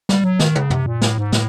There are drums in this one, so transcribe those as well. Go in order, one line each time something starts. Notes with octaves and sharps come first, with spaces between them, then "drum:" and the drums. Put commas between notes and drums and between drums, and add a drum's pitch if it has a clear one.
G3, drum: snare
F#3
D#3, drum: snare
C#3, drum: tom
C3, drum: tom
A#2
A2, drum: snare
G#2
A2, drum: snare